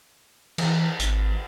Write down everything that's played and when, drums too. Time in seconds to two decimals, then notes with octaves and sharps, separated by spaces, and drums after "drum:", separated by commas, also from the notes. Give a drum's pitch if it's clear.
0.58 E3, drum: cymbal
0.99 G#1, drum: hi-hat